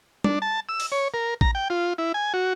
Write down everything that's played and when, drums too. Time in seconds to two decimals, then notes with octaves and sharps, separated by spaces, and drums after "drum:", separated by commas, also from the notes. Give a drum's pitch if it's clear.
0.24 D4, drum: tom
0.42 A5
0.69 E6
0.80 drum: open hi-hat
0.92 C#5
1.14 A#4
1.41 A#5, drum: kick
1.55 G5
1.70 F4
1.98 E4
2.14 G#5
2.34 F#4